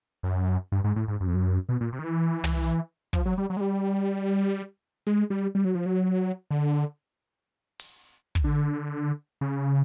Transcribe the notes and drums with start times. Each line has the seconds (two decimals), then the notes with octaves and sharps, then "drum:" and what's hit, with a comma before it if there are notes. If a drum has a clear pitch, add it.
0.23 F#2
0.72 G2
0.84 G#2
0.96 A2
1.08 G#2
1.20 F#2
1.27 F2
1.34 F#2
1.69 B2
1.81 A#2
1.92 C3
1.99 D#3
2.04 E3
2.44 drum: tom
3.13 F3, drum: kick
3.25 F#3
3.38 G3
3.50 F#3
3.57 G#3
3.61 G3
5.07 G#3, drum: hi-hat
5.30 G3
5.55 G3
5.65 F#3
5.75 F3
5.86 F#3
6.51 D3
7.80 drum: open hi-hat
8.35 drum: kick
8.44 D3
9.41 C#3